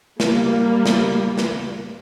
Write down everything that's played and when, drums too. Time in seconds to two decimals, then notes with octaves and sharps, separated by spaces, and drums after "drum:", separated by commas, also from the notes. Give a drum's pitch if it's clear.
0.20 G3 A#3, drum: snare
0.86 drum: snare
1.38 drum: snare